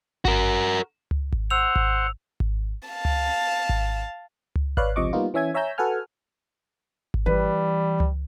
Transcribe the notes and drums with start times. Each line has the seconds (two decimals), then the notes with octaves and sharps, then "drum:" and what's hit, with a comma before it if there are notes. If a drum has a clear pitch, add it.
0.25 F#4 A#4, drum: kick G#1
1.11 drum: tom C#2
1.33 drum: kick G#1
1.50 C5 F#5 E6 F7
1.76 drum: kick G#1
2.40 drum: kick G#1
2.89 F5 A5
3.05 drum: tom C#2
3.69 drum: kick G#1
4.56 drum: tom C#2
4.77 B4 C#5 D5 F5 F#6, drum: kick G#1
4.96 C#2 C3 F3 D#5 C#6 D6
5.13 G3 A#3 B3 D#4 F4
5.34 E3 C#4 E5 G#5 G#6
5.54 C#5 E5 G#5 A#5 E6 G6
5.78 F#4 A4 B4 F#5 G#5 F6
7.14 drum: kick G#1
7.26 E3 G3 B4
8.00 drum: tom C#2